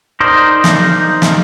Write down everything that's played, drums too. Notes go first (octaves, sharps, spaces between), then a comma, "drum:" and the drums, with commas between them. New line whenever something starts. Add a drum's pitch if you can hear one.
D#4 A#4 C5 D5 D#5
drum: snare
drum: snare